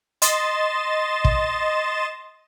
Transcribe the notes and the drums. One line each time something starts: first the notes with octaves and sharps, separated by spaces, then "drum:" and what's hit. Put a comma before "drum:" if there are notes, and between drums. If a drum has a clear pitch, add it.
D#5 C6 A6 E7, drum: hi-hat
drum: kick